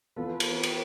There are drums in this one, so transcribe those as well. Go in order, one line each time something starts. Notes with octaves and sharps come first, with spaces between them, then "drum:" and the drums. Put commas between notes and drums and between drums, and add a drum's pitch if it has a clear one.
E3 B3 F4 A4 B4
drum: cymbal
drum: cymbal